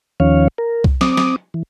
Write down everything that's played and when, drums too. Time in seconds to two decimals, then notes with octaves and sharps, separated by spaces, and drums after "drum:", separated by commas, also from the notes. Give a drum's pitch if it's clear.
0.20 D#2 D#3 F3 C#4 C#5 F5
0.58 A#4
0.84 drum: kick C2
1.01 C4 D6 D#6, drum: snare
1.17 drum: snare
1.54 E3